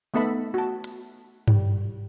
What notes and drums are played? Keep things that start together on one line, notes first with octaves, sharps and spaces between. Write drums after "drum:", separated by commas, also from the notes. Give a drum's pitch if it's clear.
A3 B3 D#4 A4 E5 B5
F#4 A5
drum: hi-hat
G3, drum: tom G2